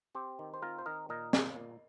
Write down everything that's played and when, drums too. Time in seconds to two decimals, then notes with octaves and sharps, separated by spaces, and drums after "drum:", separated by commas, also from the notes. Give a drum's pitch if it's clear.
0.15 C4 G4 C5
0.39 D#3
0.54 C5
0.62 C4 F4 A#4
0.78 C5
0.86 D#3 A#4 D#5
1.09 A#2 A#4 D#5
1.33 A#3, drum: snare
1.56 A#2